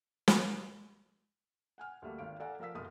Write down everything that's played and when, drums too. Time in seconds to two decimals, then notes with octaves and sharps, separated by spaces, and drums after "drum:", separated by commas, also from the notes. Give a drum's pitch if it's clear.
0.28 drum: snare
1.78 F#5 G#5 F6
2.02 D2 G3 A3 A#3
2.19 G#1 D#3 F5 D7
2.40 A4 D5 F5 F#5 G#5 A#5
2.60 F3 A#4 F5 E6 B6
2.75 F#1 B2 G#3 A4 D#6 F6